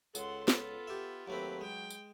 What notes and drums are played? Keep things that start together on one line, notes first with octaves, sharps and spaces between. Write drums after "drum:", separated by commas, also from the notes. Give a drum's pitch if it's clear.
C#2 A4 F#5 C6, drum: tambourine
B3 F4, drum: snare
G4 E5
D#2 F#3 A3 C4 B4 D6
G#3 G5
drum: tambourine